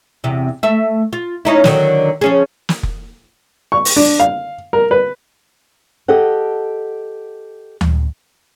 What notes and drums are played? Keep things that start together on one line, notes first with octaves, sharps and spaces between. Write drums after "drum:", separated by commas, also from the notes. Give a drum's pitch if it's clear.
E2 C3
A3 E5
F4
C#4 D#4 E4
D3 D#3 F#3, drum: snare
F3 C#4 G#4
drum: snare
drum: kick F1
C#6
drum: open hi-hat
D4
F5
A#4
B4
G4 A4 D#5 F#5
drum: tom D2